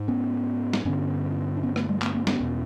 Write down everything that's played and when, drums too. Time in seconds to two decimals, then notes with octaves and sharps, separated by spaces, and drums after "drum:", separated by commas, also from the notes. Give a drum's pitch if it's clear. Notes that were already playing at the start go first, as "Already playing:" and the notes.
Already playing: G#2
0.08 B3 C#4
0.73 drum: snare
0.85 G2 D3 B3 C#4
1.57 D4
1.63 B3 C#4
1.76 A3 B3, drum: rim click
1.89 G3 A3
2.02 A3 B3, drum: clap
2.14 A#3 C4
2.27 B3 C#4, drum: snare
2.40 E2 B2